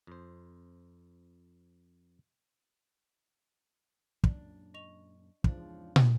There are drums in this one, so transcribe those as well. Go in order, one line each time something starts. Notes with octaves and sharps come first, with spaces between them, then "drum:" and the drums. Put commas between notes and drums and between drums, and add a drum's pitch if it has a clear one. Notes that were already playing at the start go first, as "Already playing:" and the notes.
F2 C5
F#2 A#2 D4, drum: kick
D#5 C#6 F7
E2 G#2 C#3 F3 D4, drum: kick
drum: tom